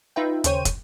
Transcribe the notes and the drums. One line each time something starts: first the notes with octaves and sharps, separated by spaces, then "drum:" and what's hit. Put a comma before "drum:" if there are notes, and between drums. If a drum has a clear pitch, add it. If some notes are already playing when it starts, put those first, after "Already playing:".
D#4 F4 B4 E5 G5
D#2 C#3 C5 C#5 G5 D#7, drum: hi-hat
drum: kick, hi-hat